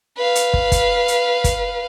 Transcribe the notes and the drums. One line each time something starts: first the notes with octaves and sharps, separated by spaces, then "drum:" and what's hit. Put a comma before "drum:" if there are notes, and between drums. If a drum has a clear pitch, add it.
B4 F5
drum: hi-hat
drum: kick
drum: kick, hi-hat
drum: hi-hat
drum: kick, hi-hat